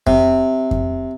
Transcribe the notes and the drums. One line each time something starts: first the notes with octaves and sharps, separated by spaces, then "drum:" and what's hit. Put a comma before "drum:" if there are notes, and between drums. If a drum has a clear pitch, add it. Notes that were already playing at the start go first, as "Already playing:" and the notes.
C3, drum: kick F2
drum: kick F2